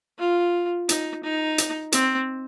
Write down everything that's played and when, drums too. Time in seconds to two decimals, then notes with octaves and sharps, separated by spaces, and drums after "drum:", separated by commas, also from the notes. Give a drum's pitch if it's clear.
0.19 F4
0.89 D#4, drum: hi-hat
1.23 D#4
1.58 drum: hi-hat
1.92 C4, drum: hi-hat